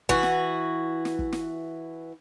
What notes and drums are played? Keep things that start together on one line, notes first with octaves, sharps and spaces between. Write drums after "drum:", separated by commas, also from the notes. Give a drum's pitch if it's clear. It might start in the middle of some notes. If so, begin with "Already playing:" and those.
E3 F#4, drum: kick
drum: snare
drum: snare
drum: kick
drum: snare